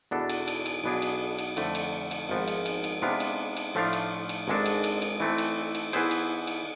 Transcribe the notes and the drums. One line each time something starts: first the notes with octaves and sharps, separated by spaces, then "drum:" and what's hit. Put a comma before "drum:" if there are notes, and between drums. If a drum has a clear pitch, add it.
E2 B2 B3 D4 A4
drum: cymbal
drum: cymbal
drum: cymbal
B1 B2 B3 D4 G#4
drum: cymbal
drum: cymbal
F2 D3 A3, drum: cymbal
drum: cymbal
drum: cymbal
G#1 G#2 F3 B3
drum: cymbal
drum: cymbal
drum: cymbal
C3 G#3 B3 D4 F4
drum: cymbal
drum: cymbal
A2 F3 A3 D4 F4
drum: cymbal
drum: cymbal
G#1 G#2 G#3 D4 A4
drum: cymbal
drum: cymbal
drum: cymbal
E3 A3 C4
drum: cymbal
drum: cymbal
E3 B3 E4 G#4 C5, drum: cymbal
drum: cymbal
drum: cymbal